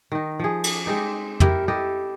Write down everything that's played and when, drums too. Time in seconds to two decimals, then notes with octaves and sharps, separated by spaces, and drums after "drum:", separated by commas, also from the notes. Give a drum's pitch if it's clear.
0.12 D#3 D#4
0.40 F3 G#4
0.64 drum: cymbal
0.86 G#3 C4 D#4 D5
1.40 E4 G4 A#4, drum: tom
1.68 E4 G4 A4 D#5